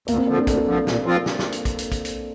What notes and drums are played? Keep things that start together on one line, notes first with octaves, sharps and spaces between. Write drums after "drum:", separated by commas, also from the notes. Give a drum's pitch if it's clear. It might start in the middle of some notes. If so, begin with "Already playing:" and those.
D2 A#3, drum: hi-hat
C4
D3 F3
D4
D2 A4, drum: kick, hi-hat
D3 F3
A#2, drum: snare
F3 C4 F4
drum: snare
drum: snare
drum: hi-hat
drum: kick, hi-hat
drum: hi-hat
drum: kick, hi-hat
drum: hi-hat